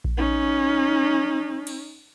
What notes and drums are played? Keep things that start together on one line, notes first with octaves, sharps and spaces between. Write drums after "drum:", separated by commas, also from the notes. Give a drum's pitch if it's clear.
drum: kick A#1
C#4 D#4
drum: cymbal